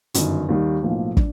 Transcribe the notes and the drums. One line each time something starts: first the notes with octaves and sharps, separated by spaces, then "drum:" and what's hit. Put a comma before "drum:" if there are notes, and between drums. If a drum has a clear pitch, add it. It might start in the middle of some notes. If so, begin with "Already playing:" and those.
G1 F#2 D#3, drum: hi-hat
D#2 D#3 G3
B1 A2 F3 A#3
D4, drum: kick